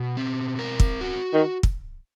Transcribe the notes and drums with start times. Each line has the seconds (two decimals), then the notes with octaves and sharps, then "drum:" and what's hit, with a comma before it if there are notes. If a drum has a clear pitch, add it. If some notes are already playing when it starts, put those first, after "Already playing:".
Already playing: B2
0.17 C4
0.59 A#4
0.80 drum: kick
1.01 F#4
1.33 D#3
1.63 drum: kick